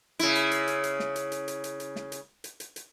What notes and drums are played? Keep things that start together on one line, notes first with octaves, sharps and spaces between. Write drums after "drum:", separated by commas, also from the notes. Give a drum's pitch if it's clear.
C#3 E4, drum: hi-hat
drum: hi-hat
drum: hi-hat
drum: hi-hat
drum: hi-hat
drum: snare
drum: hi-hat
drum: hi-hat
drum: hi-hat
drum: hi-hat
drum: hi-hat
drum: snare
drum: hi-hat
drum: hi-hat
drum: hi-hat
drum: hi-hat